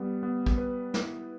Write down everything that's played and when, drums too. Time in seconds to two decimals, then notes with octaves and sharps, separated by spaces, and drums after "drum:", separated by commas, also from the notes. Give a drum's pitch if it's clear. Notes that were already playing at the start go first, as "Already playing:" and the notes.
Already playing: G3 B3
0.23 B3
0.46 drum: kick
0.58 B4
0.94 E4, drum: snare